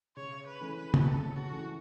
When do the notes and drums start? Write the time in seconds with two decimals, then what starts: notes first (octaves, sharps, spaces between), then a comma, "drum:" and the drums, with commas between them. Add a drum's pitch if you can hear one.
0.16 C#3 C#5
0.47 B4
0.61 E3 A3 C#4
0.77 B4
0.94 drum: tom
1.06 C#3 A4
1.36 F#4
1.51 E3 A3 C#4